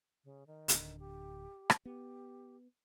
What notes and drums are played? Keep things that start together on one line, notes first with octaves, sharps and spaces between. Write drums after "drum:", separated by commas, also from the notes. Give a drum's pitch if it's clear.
C#3
D#3
D1 B1 D3, drum: hi-hat
G4
drum: rim click
B3 G4